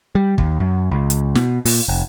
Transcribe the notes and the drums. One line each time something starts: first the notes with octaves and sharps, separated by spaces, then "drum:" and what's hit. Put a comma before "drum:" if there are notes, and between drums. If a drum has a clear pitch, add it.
G3
D#2, drum: kick
F#2
C#2
drum: hi-hat
B2, drum: snare
A#2, drum: open hi-hat
F1